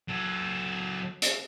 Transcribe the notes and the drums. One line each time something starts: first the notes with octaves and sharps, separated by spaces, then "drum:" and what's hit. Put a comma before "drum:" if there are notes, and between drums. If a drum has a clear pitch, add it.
F#3 A4
drum: hi-hat